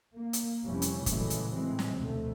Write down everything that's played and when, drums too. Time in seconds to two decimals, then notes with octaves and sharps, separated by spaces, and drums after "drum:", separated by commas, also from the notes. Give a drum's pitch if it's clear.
0.17 A#3
0.33 drum: hi-hat
0.65 F1 C3 E3 G3 C#4
0.82 drum: hi-hat
1.06 A#2 C#3 E3 F#3 G#3 A3, drum: kick, hi-hat
1.30 drum: hi-hat
1.54 A2 E3 G#3 C4
1.79 drum: snare
1.96 F1 D2 B2 A3